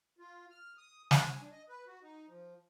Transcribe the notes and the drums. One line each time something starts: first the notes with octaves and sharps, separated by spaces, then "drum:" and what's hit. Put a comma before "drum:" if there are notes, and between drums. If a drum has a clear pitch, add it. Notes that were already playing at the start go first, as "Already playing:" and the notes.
F4
F6
D#6
G#5, drum: snare
D4
D#5
B4
F#4
D#4
F3